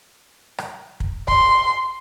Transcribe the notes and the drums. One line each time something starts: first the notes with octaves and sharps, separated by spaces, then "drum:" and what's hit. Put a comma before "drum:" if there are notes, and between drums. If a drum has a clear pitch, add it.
drum: rim click
drum: kick
C6, drum: kick